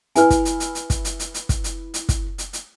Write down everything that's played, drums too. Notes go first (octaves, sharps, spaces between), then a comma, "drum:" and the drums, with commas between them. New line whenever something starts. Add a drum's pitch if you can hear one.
E4 B4 G#5 F6, drum: hi-hat
drum: kick, hi-hat
drum: hi-hat
drum: hi-hat
drum: hi-hat
drum: kick, hi-hat
drum: hi-hat
drum: hi-hat
drum: hi-hat
drum: kick, hi-hat
drum: hi-hat
drum: hi-hat
drum: kick, hi-hat
drum: hi-hat
drum: hi-hat